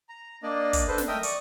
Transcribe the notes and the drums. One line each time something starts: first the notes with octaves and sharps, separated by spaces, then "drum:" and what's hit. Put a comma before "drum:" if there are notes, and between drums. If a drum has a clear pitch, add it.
A#5
A#3 D4 D5 D#5
drum: kick, hi-hat
D4 A4 B4 C5
drum: snare
A3 A#4 D#5 E5 G5 D#6
D5 C#6 D#6, drum: hi-hat